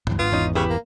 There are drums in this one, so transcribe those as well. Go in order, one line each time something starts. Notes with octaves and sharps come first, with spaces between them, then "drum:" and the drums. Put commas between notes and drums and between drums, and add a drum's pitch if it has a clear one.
D2 G2 E3, drum: tom G#2
G#1 G#2 B3 D4 F4
E2 C#4 D#4
C#3 E4 G4 B4
A#3